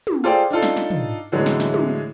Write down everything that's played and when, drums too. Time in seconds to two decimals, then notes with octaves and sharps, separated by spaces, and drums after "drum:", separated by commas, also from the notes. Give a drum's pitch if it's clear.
0.07 drum: tom
0.24 F4 G#4 A4 C5 D5 G5
0.50 D4 D#4 F4 A4
0.63 drum: snare
0.76 drum: snare
0.90 drum: tom
1.32 A2 D3 E3 F#3 G#3 A3
1.46 drum: snare
1.60 drum: snare
1.74 drum: tom